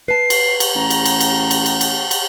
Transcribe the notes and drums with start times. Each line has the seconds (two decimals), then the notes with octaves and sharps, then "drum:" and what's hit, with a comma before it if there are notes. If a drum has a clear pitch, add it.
0.08 B4 A5 C7
0.30 drum: cymbal
0.60 drum: cymbal
0.75 A1 A#5
0.90 drum: cymbal
1.05 drum: cymbal
1.21 drum: cymbal
1.51 drum: cymbal
1.66 drum: cymbal
1.81 drum: cymbal
2.11 drum: cymbal